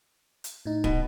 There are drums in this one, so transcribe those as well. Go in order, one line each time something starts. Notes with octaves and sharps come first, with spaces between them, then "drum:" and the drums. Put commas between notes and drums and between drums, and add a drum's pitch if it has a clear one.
drum: hi-hat
A2 D#4
B2, drum: kick D1